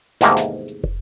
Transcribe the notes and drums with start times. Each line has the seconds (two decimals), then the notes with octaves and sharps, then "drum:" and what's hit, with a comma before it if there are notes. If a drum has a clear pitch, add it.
0.21 E2 G#2 C3 D#3 A3 A#3, drum: snare
0.37 drum: snare
0.68 drum: hi-hat
0.84 drum: kick